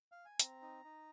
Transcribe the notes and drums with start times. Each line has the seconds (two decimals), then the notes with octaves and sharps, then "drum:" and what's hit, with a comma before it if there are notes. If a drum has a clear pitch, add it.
0.12 F5
0.25 G#5
0.40 C4 A#5, drum: hi-hat
0.62 D#4
0.84 D#4